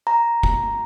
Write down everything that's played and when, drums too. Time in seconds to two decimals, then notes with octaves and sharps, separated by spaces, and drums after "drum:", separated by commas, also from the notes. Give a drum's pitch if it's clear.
0.07 A#5
0.43 drum: kick